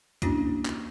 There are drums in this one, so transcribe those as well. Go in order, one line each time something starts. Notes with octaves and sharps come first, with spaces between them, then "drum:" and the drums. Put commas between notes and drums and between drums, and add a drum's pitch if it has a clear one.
A#3 C#4 D4 E4 F#4, drum: kick C2, hi-hat
drum: clap